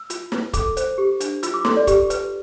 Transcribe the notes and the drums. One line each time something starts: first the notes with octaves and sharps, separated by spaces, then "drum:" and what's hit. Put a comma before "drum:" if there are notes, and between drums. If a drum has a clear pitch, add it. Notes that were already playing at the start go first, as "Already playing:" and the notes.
Already playing: E6
F4, drum: hi-hat
B4, drum: snare
A4 D6, drum: kick D1, hi-hat
C5, drum: hi-hat
G4
D4, drum: hi-hat
F4 E6, drum: hi-hat
D6
A4 C6, drum: snare
D5
G4, drum: kick D1, hi-hat
B4, drum: hi-hat